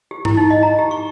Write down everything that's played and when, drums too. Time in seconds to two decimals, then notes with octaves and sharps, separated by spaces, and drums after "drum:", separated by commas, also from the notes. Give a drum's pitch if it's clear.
0.11 G4
0.25 E4, drum: tom G#2
0.37 D#4
0.51 D#5
0.63 A#5
0.79 G4
0.91 C#6